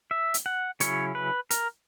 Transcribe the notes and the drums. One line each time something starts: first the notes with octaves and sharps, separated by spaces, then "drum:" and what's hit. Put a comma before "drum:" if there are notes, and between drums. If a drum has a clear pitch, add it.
E5
drum: hi-hat
F#5
C#3 F#3 C#4 E4 C#5, drum: hi-hat
B4
A#4, drum: hi-hat